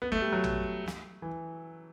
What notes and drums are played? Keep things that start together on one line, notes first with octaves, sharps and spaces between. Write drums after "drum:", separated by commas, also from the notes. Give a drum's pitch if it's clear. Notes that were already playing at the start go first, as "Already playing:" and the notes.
B3
A3, drum: kick
G3
F#3
drum: tom
drum: snare
E3